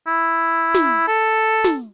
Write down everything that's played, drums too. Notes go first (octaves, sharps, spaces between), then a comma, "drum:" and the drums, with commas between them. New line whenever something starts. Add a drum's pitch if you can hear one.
E4
drum: snare
A4
drum: snare